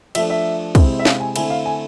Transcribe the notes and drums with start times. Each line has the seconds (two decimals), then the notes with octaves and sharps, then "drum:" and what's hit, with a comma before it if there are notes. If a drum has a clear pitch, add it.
0.15 F3 A3 D4 E5, drum: cymbal
0.30 E5
0.75 C3 G#3 C4 E4, drum: kick, cymbal
0.99 E5
1.05 F5, drum: snare
1.20 G#5
1.36 D3 A3 C4 E4 G#5, drum: cymbal
1.50 F5
1.65 G#5